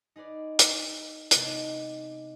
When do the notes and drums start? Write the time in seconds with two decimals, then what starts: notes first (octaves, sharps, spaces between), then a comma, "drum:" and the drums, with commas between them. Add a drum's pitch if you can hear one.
0.16 D#4 G#4 B4 D5
0.59 drum: hi-hat
1.31 C3 G#3 B3 D4 D#4 A4, drum: hi-hat